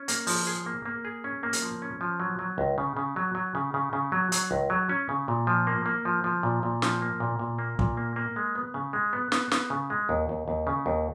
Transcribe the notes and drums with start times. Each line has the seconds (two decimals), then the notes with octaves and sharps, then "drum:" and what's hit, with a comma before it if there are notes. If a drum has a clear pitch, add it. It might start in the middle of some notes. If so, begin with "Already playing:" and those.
Already playing: C#4
0.08 A#3, drum: hi-hat
0.27 F3, drum: open hi-hat
0.47 G#4
0.66 A#3
0.85 A#3
1.05 G#4
1.24 C#4
1.43 A#3
1.53 drum: hi-hat
1.62 F3
1.82 C#4
2.01 F3
2.20 F#3
2.39 F#3
2.58 C#2
2.78 C#3
2.97 C#3
3.16 F#3
3.35 F#3
3.55 C#3
3.74 C#3
3.93 C#3
4.12 F#3
4.32 F#3, drum: hi-hat
4.51 C#2
4.70 F#3
4.89 C#4
5.09 C#3
5.28 A#2
5.47 F3
5.67 A#3
5.86 A#3
6.05 F3
6.24 F3
6.43 A#2
6.63 A#2
6.82 F3, drum: snare
7.02 A#3
7.20 A#2
7.39 A#2
7.58 A#3
7.79 A#2, drum: kick
7.97 A#3
8.16 A#3
8.36 G#3
8.55 B3
8.74 C#3
8.93 G#3
9.13 B3
9.32 B3, drum: snare
9.51 B3, drum: snare
9.70 C#3
9.90 G#3
10.09 D#2
10.29 D#2
10.48 D#2
10.67 C#3
10.86 D#2